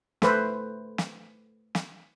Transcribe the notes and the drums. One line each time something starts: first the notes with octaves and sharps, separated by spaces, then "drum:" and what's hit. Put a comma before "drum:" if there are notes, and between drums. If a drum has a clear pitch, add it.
A3 A4 B4 C5, drum: snare
drum: snare
drum: snare